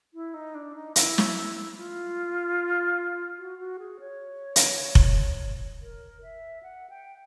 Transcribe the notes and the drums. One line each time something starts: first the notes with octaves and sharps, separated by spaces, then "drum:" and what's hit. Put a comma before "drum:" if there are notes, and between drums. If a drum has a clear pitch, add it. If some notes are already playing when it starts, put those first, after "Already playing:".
E4
D#4
D4
D#4
E4, drum: hi-hat
drum: snare
F4
F#4
F#4
G#4
C#5
drum: hi-hat
drum: kick F1
A#4
E5
F#5
G5